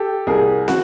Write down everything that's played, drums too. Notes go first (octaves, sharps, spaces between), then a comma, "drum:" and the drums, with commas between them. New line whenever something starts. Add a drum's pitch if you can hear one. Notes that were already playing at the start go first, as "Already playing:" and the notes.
Already playing: G4 A4
C2 G#4 A#4
F#4, drum: snare